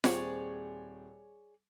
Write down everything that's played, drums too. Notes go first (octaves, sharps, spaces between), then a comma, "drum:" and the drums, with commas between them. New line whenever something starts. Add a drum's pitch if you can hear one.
D#1 C4 G#4 C#5 D5, drum: snare F4